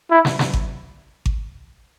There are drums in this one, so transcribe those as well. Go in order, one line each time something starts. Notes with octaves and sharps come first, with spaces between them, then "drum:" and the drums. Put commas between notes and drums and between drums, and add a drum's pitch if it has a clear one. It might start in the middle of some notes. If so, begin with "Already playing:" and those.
E4
drum: snare
drum: snare
drum: kick G#1
drum: kick G#1